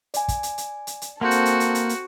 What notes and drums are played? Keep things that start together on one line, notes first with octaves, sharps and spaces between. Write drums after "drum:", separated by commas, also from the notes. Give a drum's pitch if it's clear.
D5 G#5, drum: hi-hat
drum: kick, hi-hat
drum: hi-hat
drum: hi-hat
drum: hi-hat
drum: hi-hat
A#3 C4 F#4 A4 F#5 C6 G6
drum: hi-hat
drum: hi-hat
drum: hi-hat
drum: hi-hat
drum: hi-hat